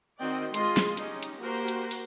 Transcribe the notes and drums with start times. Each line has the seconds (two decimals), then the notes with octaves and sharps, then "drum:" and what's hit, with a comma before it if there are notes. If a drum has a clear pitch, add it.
0.20 D#3 C4 F#4 D5 D#5 G5
0.54 G#3 F4 G#4 D#5 C6, drum: hi-hat
0.77 drum: snare
0.97 C#4 D#4 G4, drum: hi-hat
1.23 drum: hi-hat
1.40 A#3 F#4 G4 A#4 C5
1.68 drum: hi-hat
1.91 drum: open hi-hat